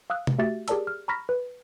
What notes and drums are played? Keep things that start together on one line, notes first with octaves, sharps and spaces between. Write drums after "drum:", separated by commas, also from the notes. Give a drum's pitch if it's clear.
F5 D#6 E6 F#6
drum: tom
A3 F#4 G4 E5 A6
G4 G#4 A#4 D5 A5 E6, drum: hi-hat
F6
A#5 B5 C#6 F6 A#6 B6
B4